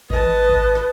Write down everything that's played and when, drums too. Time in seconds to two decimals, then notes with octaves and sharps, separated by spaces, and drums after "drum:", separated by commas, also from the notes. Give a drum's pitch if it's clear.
0.10 G#1 B4 D#5 A5, drum: kick
0.23 drum: tom D#3
0.49 drum: kick
0.75 drum: snare